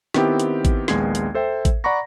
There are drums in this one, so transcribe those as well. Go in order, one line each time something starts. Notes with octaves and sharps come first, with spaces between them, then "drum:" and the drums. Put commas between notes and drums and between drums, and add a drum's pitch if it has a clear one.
D#3 B3 C4 E4 G4, drum: snare
drum: hi-hat
drum: kick A1, hi-hat
A#1 D#2 G#3 B3 G#6 C7, drum: snare
drum: hi-hat
A4 C5 E5 G5
drum: kick A1, hi-hat
D5 F#5 A#5 B5 C#6 A#6